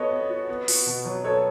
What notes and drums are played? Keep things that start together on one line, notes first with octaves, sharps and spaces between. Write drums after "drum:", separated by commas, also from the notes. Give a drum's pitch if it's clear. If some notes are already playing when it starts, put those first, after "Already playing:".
Already playing: B3 F#4 A4 B4 C#5 D#5
B3
F#4
B3
F#4, drum: open hi-hat
B2
F#3
B3 A4 C#5